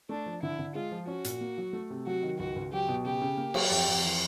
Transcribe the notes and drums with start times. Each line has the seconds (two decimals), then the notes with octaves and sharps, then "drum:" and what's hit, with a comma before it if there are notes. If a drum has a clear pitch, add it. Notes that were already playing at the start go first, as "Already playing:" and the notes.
0.09 A3 D4
0.26 F3
0.42 D3 E4
0.59 D3
0.75 G#3 F4
0.92 F3
1.07 C#4 F#4
1.24 A#2, drum: hi-hat
1.41 A#3
1.58 F#3
1.73 A3
1.90 C3
2.07 F#3 F#4
2.23 D#3
2.39 C#2 F#4
2.56 C#2
2.72 F#3 G4
2.89 B2
3.05 C#3 G4
3.21 C#3
3.37 A#3
3.54 F#3, drum: cymbal
3.70 F2 G4
3.87 F2
4.04 E3